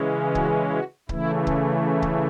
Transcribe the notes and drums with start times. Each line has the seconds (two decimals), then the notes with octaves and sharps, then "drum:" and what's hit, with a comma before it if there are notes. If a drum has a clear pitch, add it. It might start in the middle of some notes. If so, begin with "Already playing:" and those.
Already playing: C#3 E3 G#3 C#4
0.35 F#4, drum: kick C#1
0.73 F#4
1.09 C#3 E3 A3 E4, drum: kick C#1
1.47 drum: kick C#1
2.02 drum: kick C#1